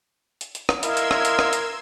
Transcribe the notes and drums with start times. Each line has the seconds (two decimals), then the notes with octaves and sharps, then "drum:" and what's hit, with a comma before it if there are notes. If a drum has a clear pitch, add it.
0.41 drum: hi-hat
0.55 drum: hi-hat
0.69 drum: rim click
0.83 E4 A#4 D#5 F5 C6 E6 G#6, drum: hi-hat
0.97 drum: hi-hat
1.11 drum: rim click
1.25 drum: hi-hat
1.39 drum: rim click
1.53 drum: hi-hat